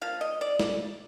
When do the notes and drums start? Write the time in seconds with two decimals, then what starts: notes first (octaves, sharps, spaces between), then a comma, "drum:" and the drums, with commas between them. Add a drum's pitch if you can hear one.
0.01 F3 A#3 F5
0.21 D#5
0.41 D5
0.59 D5, drum: snare